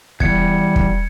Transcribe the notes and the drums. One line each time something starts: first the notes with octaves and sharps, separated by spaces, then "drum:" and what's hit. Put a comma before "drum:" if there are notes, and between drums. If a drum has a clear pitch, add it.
E2 G3 G#6 C#7, drum: kick
drum: kick